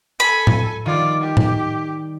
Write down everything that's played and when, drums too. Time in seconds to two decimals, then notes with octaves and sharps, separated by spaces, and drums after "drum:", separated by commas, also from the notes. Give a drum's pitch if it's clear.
0.20 A4 G#5 B5
0.47 drum: tom A2
0.86 D#3 G3 F4 D5
1.21 G4
1.37 drum: tom A2